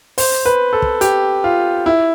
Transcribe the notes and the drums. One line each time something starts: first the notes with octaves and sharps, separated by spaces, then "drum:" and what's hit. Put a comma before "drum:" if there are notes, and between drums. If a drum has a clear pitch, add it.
C5, drum: open hi-hat
B4
A4
drum: kick
G4, drum: hi-hat
F4
E4